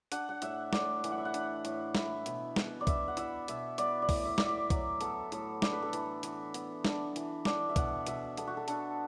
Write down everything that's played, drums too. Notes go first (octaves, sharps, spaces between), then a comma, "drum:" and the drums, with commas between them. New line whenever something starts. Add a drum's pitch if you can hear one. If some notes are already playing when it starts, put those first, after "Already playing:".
D4 F#5, drum: hi-hat
F#5
A2 E5, drum: hi-hat
A2 D5, drum: snare
E3, drum: hi-hat
F#5
E5
F#5
D4, drum: hi-hat
A2, drum: hi-hat
E4, drum: snare
B2, drum: hi-hat
B2, drum: snare
D5
B3 E5, drum: kick B1, hi-hat
F#5
E4 E5, drum: hi-hat
B2 E5, drum: hi-hat
B3 D5, drum: hi-hat
D5
A2, drum: kick B1, open hi-hat
E5
E4 D5, drum: snare
E5
F#3 D5, drum: kick B1, hi-hat
B3 A4, drum: hi-hat
A2 A4, drum: hi-hat
D4 D5, drum: snare
B4
A4
E3 B4, drum: hi-hat
E3, drum: hi-hat
B3, drum: hi-hat
D4, drum: snare
E3, drum: hi-hat
D4 D5, drum: snare
E5
B2 F#5, drum: kick B1, hi-hat
B2 E5, drum: hi-hat
B3 A4, drum: hi-hat
F#4
A4
D4 A4, drum: hi-hat